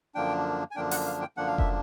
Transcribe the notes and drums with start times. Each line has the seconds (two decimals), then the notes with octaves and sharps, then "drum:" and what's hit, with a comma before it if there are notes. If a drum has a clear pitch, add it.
0.15 F#2 D3 F3 A#3 D4 G5
0.71 G#5
0.75 F#2 D3 F3 A#3 D4 G5
0.91 F#5, drum: open hi-hat
1.06 F5
1.21 G5
1.37 F#2 D3 F3 A#3 D4 F#5
1.47 F5
1.58 E5, drum: kick F1